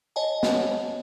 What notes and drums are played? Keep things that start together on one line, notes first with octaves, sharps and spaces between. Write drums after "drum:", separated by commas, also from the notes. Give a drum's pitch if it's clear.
C#5 D#5 G#5 A5
drum: snare